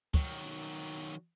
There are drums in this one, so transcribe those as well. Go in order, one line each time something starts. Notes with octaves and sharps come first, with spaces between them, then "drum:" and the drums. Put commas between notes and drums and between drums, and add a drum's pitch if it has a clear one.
D#3 F#3, drum: kick